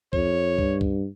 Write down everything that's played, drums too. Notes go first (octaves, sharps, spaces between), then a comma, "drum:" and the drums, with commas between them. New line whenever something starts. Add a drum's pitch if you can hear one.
F2 C#5, drum: kick
G2, drum: kick
drum: kick